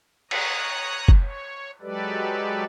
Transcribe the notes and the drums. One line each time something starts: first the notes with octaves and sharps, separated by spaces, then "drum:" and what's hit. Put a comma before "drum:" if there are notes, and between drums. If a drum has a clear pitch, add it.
C#5 A#5 D#6 F#6, drum: cymbal
drum: kick
C#5
F#3 G#3 G4 A4 B4 D5